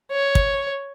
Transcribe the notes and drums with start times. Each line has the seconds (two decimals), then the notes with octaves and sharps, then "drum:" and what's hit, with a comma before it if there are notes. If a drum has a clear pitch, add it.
0.12 C#5
0.35 drum: kick